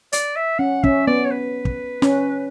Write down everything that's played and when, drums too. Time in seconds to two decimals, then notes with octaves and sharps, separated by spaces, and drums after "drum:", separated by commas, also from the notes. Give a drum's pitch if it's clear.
0.12 D5, drum: hi-hat
0.36 E5
0.59 C#4 F#5
0.83 C#4 E5, drum: kick
1.07 B3 D5
1.25 C#5
1.31 B4
1.65 drum: kick
2.02 C#4, drum: snare